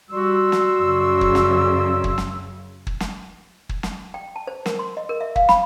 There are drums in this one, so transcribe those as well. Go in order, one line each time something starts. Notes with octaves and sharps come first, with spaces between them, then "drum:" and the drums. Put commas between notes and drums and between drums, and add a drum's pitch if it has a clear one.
G3 F#4 D5 C6 E6
drum: snare
F#2 C#3
drum: kick
drum: snare
drum: kick
drum: snare
drum: kick
drum: snare
drum: kick
drum: snare
G5
A5
C5
A#4, drum: snare
C6
D#5
A#4
E5
F5, drum: kick
B5, drum: snare